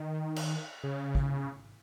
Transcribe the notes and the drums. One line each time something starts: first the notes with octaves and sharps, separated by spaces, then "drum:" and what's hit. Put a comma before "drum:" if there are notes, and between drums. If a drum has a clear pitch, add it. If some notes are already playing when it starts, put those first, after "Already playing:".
Already playing: D#3
drum: cymbal
C#3
drum: kick